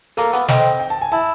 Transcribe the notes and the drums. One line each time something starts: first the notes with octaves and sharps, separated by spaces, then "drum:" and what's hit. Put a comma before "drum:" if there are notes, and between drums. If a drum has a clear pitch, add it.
A#3 A4, drum: hi-hat
B3, drum: hi-hat
C4 D#5, drum: snare
G5
A5
G#5
E4 A5